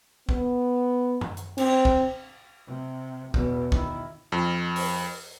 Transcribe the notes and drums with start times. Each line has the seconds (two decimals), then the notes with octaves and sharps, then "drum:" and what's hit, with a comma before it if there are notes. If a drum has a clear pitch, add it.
0.29 B3, drum: kick
1.21 drum: tom F#2
1.37 drum: hi-hat
1.58 C4, drum: cymbal
1.85 drum: kick
2.66 C3
3.34 E2 B2, drum: kick
3.72 D#3 E4, drum: kick
4.32 F2
4.76 drum: open hi-hat